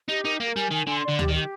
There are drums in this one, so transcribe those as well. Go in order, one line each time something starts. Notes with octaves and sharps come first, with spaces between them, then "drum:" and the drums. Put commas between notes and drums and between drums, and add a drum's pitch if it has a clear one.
D#4 G4
D#4 A#4
A#3 A#4
G3 G#5
D#3 G#5
D3 C6
D5
D3
G4, drum: tom D2
D#3
G4